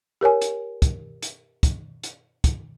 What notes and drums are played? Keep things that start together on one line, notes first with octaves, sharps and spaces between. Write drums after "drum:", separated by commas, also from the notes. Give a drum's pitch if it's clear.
G4 A#4 C#5 G#5
drum: hi-hat
drum: kick, hi-hat
drum: hi-hat
drum: kick, hi-hat
drum: hi-hat
drum: kick, hi-hat